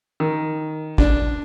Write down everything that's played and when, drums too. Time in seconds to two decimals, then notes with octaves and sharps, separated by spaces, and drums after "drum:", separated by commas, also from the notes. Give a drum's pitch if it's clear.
0.20 D#3
0.98 D4, drum: kick